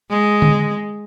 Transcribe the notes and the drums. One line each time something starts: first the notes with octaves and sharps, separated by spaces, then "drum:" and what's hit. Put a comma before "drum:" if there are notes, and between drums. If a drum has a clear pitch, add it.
G#3
drum: tom D3